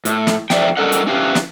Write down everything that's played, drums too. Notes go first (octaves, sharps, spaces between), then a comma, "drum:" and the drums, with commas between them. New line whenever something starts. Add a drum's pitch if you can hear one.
A2, drum: hi-hat
drum: snare
F2 D5 E5 G5, drum: snare
G3 C#4 A4 A#4 D#5 F#5
drum: hi-hat
C#4 E4 G4 B4 F5
drum: snare